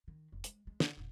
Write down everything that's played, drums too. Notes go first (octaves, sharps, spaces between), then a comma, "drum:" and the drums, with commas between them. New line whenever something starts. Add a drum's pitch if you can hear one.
D#3
F1
G#3, drum: hi-hat
G#3
D3, drum: snare
E1 A#2